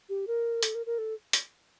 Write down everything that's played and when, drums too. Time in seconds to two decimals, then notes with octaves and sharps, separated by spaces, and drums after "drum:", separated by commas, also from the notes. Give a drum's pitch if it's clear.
0.09 G4
0.27 A#4
0.63 A4, drum: hi-hat
0.75 A#4
0.86 A#4
0.98 A4
1.33 drum: hi-hat